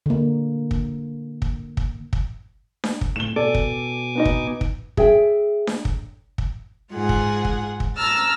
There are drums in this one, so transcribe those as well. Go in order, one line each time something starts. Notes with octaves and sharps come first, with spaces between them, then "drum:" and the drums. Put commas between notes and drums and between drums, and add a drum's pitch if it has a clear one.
D3 A#3
drum: kick
drum: kick
drum: kick
drum: kick
drum: snare D4
drum: kick
A2 E7 G7
B2 A4 D5 G#5 D6
drum: kick
B3 D#4 D#5
drum: kick
drum: kick
G#4 E5 G5, drum: kick
drum: snare D4
drum: kick
drum: kick
G#2 F4 G#4 F#5
drum: kick
drum: kick
drum: kick
A5 A#5 E6 F6 A6